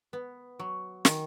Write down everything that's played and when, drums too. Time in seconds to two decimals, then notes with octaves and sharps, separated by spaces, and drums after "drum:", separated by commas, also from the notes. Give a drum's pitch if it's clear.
0.13 B3
0.59 F#3
1.05 D#3, drum: snare